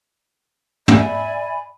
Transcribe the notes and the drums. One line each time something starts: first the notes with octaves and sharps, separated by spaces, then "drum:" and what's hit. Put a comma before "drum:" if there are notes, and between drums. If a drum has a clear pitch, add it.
D5 E5 G#5 B5, drum: tom